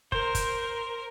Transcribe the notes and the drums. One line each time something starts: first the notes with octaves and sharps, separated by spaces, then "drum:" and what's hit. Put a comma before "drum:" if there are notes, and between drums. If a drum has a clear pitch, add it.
A#4 C5, drum: kick
drum: kick, hi-hat